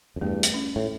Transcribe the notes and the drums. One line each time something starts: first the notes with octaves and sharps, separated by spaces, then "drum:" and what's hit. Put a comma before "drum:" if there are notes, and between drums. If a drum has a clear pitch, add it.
F2
E2 G2 A3
drum: hi-hat
C#4
A2